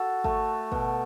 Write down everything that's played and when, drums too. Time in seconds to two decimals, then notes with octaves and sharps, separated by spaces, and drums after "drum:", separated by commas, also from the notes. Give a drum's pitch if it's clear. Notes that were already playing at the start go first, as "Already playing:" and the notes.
Already playing: F#4 A4
0.24 A3, drum: kick
0.72 B2, drum: kick